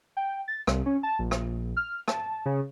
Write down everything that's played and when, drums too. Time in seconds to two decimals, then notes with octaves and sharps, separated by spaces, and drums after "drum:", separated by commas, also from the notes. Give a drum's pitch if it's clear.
0.17 G5
0.48 A6
0.67 C2, drum: rim click
0.86 C#4
1.03 A5
1.19 A#1
1.31 drum: rim click
1.77 F6
2.08 A5, drum: rim click
2.46 C#3